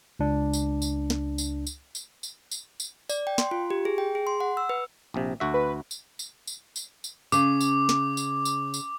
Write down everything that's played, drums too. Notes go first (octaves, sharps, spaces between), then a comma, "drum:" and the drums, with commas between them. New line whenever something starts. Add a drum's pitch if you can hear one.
C#2 D4
drum: tambourine
drum: tambourine
drum: snare
drum: tambourine
drum: tambourine
drum: tambourine
drum: tambourine
drum: tambourine
drum: tambourine
D5, drum: tambourine
G5
C6, drum: snare
F4
G4
G#4
G5
G#4
C6
F#5
E6
B4
A#1 C3
D2 F#4 E5
B4
drum: tambourine
drum: tambourine
drum: tambourine
drum: tambourine
drum: tambourine
C#3 D6, drum: tambourine
drum: tambourine
drum: snare
drum: tambourine
drum: tambourine
drum: tambourine